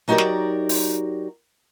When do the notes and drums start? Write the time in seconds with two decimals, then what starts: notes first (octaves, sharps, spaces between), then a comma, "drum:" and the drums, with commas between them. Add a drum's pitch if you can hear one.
0.08 F#3 D#4 F#4 G4 A#4 D5
0.18 drum: snare
0.69 drum: open hi-hat